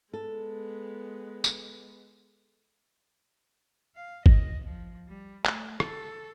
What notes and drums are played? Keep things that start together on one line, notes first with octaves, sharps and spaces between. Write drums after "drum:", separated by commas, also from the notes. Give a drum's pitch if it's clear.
G#3 B3 A4
drum: tambourine
F5
D#5, drum: kick G#1
F3
G3
A3, drum: clap
A4, drum: rim click